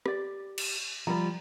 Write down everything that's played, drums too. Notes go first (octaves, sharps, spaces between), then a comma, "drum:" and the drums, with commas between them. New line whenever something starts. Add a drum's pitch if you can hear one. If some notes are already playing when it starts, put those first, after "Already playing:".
G4 D5, drum: rim click
drum: cymbal
F3 G3 A#5 B5